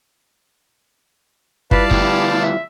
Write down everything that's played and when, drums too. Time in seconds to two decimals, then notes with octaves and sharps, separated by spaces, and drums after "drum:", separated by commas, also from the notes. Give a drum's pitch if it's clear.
1.71 G3 E4 F4 B4 D5 F5 A5, drum: kick
1.91 D2 B3 G4, drum: kick
2.43 E5